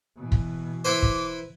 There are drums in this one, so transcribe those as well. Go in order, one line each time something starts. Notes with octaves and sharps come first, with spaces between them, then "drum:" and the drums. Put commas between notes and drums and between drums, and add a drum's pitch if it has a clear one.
B2 E3
drum: kick
E4 B4 C5 D6
drum: kick